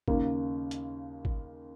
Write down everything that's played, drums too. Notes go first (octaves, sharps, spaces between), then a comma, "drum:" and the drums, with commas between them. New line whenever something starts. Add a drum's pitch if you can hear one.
D#2 C#3 A#3, drum: kick
drum: hi-hat
drum: kick